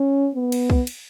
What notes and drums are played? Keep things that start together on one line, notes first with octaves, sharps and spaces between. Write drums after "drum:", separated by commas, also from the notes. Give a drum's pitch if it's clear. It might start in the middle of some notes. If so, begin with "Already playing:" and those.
Already playing: C#4
B3
drum: cymbal
drum: kick B1
drum: cymbal